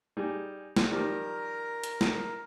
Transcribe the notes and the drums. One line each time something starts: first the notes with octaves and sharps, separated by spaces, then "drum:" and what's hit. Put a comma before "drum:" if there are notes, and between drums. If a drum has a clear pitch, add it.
G3 D#4 G#4
drum: snare
D#3 F3 G3 A#4
drum: hi-hat
drum: snare